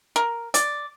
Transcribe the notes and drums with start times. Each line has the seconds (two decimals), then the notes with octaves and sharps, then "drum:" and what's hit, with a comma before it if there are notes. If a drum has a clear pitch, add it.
0.16 A#4
0.54 D5, drum: hi-hat